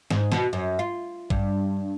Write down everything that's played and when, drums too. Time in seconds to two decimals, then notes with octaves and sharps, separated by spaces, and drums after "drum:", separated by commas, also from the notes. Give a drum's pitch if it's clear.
0.11 G#2, drum: snare
0.32 B2, drum: snare
0.53 F#2
0.79 F4
1.30 G2, drum: kick